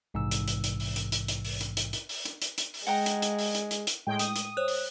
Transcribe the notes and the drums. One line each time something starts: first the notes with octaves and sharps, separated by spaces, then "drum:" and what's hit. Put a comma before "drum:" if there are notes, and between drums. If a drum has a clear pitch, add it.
A#1 G#2 C3 E3 E6
drum: hi-hat
drum: hi-hat
drum: hi-hat
drum: open hi-hat
drum: hi-hat
drum: hi-hat
drum: hi-hat
drum: open hi-hat
drum: hi-hat
drum: hi-hat
drum: hi-hat
drum: open hi-hat
drum: hi-hat
drum: hi-hat
drum: hi-hat
drum: open hi-hat
G#3 F#5 G5 A#5
drum: hi-hat
drum: hi-hat
drum: open hi-hat
drum: hi-hat
drum: hi-hat
drum: hi-hat
A2 G#3 G5
D#6, drum: hi-hat
drum: hi-hat
C5 C#5 F#6
drum: open hi-hat